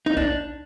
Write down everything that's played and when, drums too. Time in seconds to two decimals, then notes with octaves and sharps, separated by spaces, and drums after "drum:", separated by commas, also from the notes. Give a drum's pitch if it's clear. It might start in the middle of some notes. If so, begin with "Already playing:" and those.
0.06 D#4
0.17 D4, drum: kick